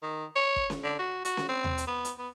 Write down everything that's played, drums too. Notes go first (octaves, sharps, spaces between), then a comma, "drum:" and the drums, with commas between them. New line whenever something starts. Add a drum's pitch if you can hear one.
D#3
C#5
drum: kick
drum: snare C#4
D3
F#4
F#4, drum: hi-hat
drum: snare C#4
C4
drum: tom D#2
drum: hi-hat
B3
drum: hi-hat
B3